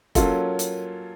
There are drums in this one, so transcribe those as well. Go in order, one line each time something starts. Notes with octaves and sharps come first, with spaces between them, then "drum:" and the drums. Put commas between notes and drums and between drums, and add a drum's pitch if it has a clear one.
F#3 A#3 C#4 F4 A4, drum: kick F1, hi-hat
drum: hi-hat